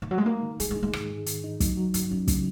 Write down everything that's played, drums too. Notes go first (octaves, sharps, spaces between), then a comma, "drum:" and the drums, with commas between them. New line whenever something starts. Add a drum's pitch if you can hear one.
D#3
F#3
G#3
A#3 D#4
D#3
G#3 G#4, drum: hi-hat
G#3
D#4
G#3
G#2 D#3, drum: rim click
G#4
D#3, drum: hi-hat
D#4
F#3, drum: kick, hi-hat
F#3
F#2 F#3, drum: hi-hat
F#2 C#4
C#3, drum: kick, hi-hat